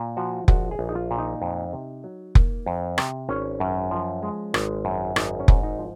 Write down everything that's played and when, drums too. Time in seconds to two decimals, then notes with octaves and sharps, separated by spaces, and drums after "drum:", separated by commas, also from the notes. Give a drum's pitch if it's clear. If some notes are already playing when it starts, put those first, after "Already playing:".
Already playing: A#2
0.17 F3 F#4
0.48 A#1 F#4, drum: kick F1
0.71 G#4
0.79 A#1
0.89 D#4
0.95 F4
1.11 A#2
1.18 D#4
1.42 F2
1.73 C3
2.04 F#3
2.35 A#3, drum: kick F1
2.66 F2
2.98 C3, drum: rim click
3.29 G#1 C#4
3.60 F#2
3.91 F3
4.23 G#3
4.54 G#1, drum: rim click
4.85 F#2
5.16 G#1 D#4, drum: rim click
5.40 C#4
5.48 G#2, drum: kick F1
5.63 D#4
5.79 F3